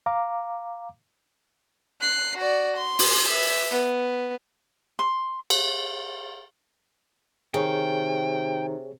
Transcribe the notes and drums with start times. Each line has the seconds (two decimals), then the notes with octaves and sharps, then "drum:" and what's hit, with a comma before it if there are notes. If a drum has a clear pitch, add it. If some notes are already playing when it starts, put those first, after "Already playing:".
0.06 F5 A#5 D6
2.01 F#6 C7
2.38 F#4 D5
2.77 C6
2.99 drum: open hi-hat
3.29 B4 E5
3.71 B3
4.99 C6
5.50 drum: cymbal
7.54 C3 D#3 G#4 C#5 G5